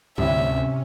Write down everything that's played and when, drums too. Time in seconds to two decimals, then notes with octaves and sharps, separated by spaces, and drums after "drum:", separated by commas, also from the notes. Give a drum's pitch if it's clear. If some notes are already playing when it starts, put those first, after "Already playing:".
0.18 D2 C3 G3 C4 C#4 E4 E5, drum: tom G#2